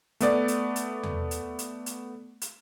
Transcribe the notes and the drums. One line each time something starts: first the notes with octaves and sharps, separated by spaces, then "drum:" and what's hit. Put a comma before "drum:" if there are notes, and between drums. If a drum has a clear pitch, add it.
A3 B3 D5, drum: hi-hat
drum: hi-hat
drum: hi-hat
drum: tom E2
drum: hi-hat
drum: hi-hat
drum: hi-hat
drum: hi-hat